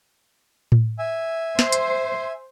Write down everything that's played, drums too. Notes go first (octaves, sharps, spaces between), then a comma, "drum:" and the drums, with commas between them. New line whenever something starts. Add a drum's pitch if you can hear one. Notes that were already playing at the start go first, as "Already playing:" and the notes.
drum: tom A2
E5 G#5
C5, drum: snare
drum: hi-hat